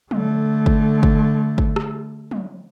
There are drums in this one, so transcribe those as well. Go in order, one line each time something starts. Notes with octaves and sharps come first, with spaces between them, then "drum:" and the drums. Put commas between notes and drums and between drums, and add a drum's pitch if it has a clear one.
D3 A3, drum: tom
drum: kick
drum: kick
drum: kick
drum: rim click
drum: tom